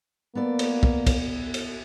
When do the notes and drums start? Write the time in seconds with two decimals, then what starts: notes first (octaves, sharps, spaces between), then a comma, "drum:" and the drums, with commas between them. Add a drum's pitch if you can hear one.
0.35 A#3 B3 A4 D5
0.59 drum: cymbal
0.83 drum: kick
1.07 drum: kick, cymbal
1.54 drum: cymbal